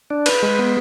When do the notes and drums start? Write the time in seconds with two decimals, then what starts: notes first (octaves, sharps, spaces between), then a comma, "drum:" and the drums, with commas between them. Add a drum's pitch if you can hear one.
0.10 D4
0.26 B4, drum: cymbal
0.43 G#3
0.59 B3